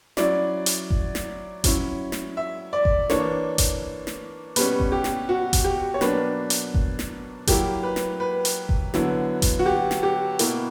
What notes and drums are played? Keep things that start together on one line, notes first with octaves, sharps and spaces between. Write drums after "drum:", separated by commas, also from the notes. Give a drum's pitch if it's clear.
F#3 C#4 E4 D5, drum: snare
drum: hi-hat
drum: kick G1
drum: snare
F#3 C#4 E4, drum: kick G1, hi-hat
drum: snare
E5
D5
drum: kick G1
E3 A#3 D4 C#5, drum: snare
drum: kick G1, hi-hat
drum: snare
B2 G3 C#4 B4, drum: hi-hat
drum: kick G1
G4
drum: snare
F#4
drum: kick G1, hi-hat
G4
C#5
B2 F#3 A#3 D4 B4, drum: snare
drum: hi-hat
drum: kick G1
drum: snare
F#3 A#3 E4 G4, drum: kick G1, hi-hat
B4
drum: snare
B4
drum: hi-hat
drum: kick G1
D3 F#3 B3 E4, drum: snare
drum: kick G1, hi-hat
F#4
G4
drum: snare
G4
B2 A#3 E4, drum: hi-hat